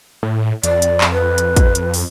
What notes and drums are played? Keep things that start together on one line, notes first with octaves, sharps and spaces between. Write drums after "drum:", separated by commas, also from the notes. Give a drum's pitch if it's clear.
A2
F2 D5, drum: hi-hat
drum: hi-hat
drum: clap
B4
drum: hi-hat
drum: kick, hi-hat
drum: hi-hat
drum: open hi-hat